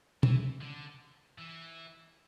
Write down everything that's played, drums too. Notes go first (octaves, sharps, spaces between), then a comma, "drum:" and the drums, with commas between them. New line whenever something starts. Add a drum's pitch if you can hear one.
E3, drum: tom
D3
E3